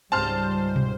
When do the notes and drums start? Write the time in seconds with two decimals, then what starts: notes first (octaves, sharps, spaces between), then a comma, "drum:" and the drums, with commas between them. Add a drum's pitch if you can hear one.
0.12 C#2 G#2 G3 C5 A5 C6 F6
0.76 drum: tom